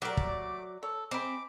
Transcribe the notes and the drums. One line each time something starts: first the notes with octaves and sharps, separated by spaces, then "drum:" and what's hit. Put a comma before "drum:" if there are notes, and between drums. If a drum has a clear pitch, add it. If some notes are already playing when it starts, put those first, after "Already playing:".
F#3 A3 G4 A#4 D5 D6
drum: kick
A4 C#5
G#3 C4 B5 D6